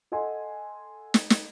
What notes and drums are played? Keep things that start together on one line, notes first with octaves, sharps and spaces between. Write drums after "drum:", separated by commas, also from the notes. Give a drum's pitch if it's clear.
A4 D#5 F#5 G#5 C6
drum: snare
drum: snare